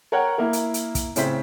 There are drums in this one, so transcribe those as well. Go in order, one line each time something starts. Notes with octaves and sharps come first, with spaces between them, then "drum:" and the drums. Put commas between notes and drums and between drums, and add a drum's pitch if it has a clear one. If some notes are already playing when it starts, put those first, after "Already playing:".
A#4 C#5 F#5 G5
A#3 E4 A#4
drum: hi-hat
drum: hi-hat
drum: kick, hi-hat
A2 C#3 C4 B6, drum: hi-hat